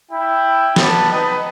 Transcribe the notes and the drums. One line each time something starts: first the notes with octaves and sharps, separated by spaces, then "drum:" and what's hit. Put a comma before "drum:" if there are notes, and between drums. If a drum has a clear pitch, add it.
E4 G5
G3 B3 A5, drum: snare
D#4 B4 D#5 G5